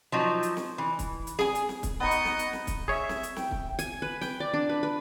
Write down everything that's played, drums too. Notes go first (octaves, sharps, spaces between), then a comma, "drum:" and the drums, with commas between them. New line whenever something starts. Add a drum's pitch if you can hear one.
F3 F#3 D#4
drum: hi-hat
drum: snare
E3
drum: kick, hi-hat
drum: hi-hat
G#4 G#5, drum: snare
drum: hi-hat
drum: snare
drum: kick, hi-hat
B3 D#4 D#5 C#6
drum: hi-hat
drum: snare
drum: hi-hat
drum: snare
drum: kick, hi-hat
G#4 C#5 E5
drum: snare
drum: hi-hat
G5, drum: snare
drum: kick
G#5, drum: hi-hat
B4
G5, drum: snare
D5
D4
B4
B4